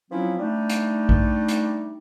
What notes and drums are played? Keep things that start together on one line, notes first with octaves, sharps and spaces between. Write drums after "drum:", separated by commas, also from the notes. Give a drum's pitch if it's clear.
F3 F#3 C4 C#4 E4
G3 A3 D4 D#4
drum: hi-hat
drum: kick
drum: hi-hat